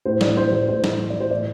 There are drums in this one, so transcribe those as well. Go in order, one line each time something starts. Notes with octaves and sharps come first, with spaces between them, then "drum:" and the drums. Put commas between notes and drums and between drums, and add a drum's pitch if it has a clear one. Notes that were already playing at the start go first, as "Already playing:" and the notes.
A2 C5
E3 D5, drum: snare
A2 C5
E3 C5
A2 C5
E3, drum: snare
A2
E3 D5
C5
A2 D5